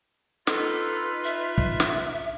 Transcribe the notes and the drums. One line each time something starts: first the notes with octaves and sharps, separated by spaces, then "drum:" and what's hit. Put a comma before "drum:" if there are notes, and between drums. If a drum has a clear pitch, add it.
D#4 F4 A4 B4, drum: snare
E5
drum: kick
drum: snare